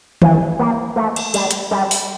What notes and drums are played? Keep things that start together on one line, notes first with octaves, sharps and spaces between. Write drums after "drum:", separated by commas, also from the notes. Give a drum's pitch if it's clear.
E3, drum: tom D#3
A#3
A3
drum: cymbal
G3, drum: cymbal
drum: hi-hat
G3
drum: open hi-hat